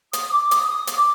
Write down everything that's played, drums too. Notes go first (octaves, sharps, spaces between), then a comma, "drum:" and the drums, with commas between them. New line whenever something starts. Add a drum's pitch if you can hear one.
D#6, drum: hi-hat
D6
D#6, drum: hi-hat
D#6
drum: hi-hat
D6